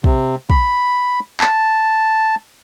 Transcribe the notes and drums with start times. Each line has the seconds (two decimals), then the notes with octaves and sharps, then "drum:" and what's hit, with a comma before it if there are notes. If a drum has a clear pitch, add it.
0.04 C3, drum: kick
0.50 B5, drum: kick
1.41 A5, drum: clap